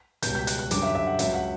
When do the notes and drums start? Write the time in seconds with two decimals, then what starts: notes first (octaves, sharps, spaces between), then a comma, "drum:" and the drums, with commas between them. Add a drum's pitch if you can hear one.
0.22 C#2 B2 G3 G6, drum: hi-hat
0.35 G6
0.47 F#6, drum: hi-hat
0.59 F#6
0.71 F#2 D3 G3 D6, drum: hi-hat
0.82 E5
0.95 E5
1.07 F#5
1.19 C#2 C#3 F#3 E5, drum: hi-hat
1.35 F#5